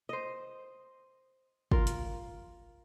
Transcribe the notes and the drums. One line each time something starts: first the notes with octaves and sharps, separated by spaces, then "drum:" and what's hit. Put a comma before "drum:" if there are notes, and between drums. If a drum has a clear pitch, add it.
C5 D#5
F4 A#4, drum: kick
drum: hi-hat